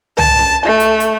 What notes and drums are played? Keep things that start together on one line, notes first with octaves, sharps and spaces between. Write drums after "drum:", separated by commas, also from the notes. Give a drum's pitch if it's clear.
A5, drum: tom
drum: snare C#4
A3
drum: hi-hat
drum: hi-hat